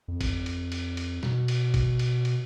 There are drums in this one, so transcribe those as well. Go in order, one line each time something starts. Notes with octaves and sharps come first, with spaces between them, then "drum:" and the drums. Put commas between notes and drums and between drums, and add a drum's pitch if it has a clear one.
F2
drum: kick G1, cymbal
drum: cymbal
drum: cymbal
drum: cymbal
B2, drum: snare
drum: cymbal
drum: kick G1, cymbal
drum: cymbal
drum: cymbal